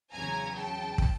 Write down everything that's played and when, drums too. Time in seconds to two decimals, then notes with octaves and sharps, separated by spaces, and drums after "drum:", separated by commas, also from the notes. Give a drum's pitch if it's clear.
0.12 E2 C#3 F#3 G#5 A#5
0.55 G5 A5
0.98 drum: kick